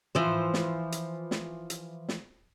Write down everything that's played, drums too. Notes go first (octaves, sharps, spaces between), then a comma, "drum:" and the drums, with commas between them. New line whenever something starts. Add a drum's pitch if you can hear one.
E3 F3 C5, drum: tom
drum: snare
drum: hi-hat
drum: snare
drum: hi-hat
drum: snare